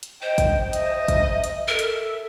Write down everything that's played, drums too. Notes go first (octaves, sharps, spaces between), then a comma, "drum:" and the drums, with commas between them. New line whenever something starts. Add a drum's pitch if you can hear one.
drum: hi-hat
C5 D#5 G5
drum: kick, hi-hat
D#5 E5, drum: hi-hat
drum: kick, hi-hat
drum: hi-hat
A4 A#4 E5
drum: hi-hat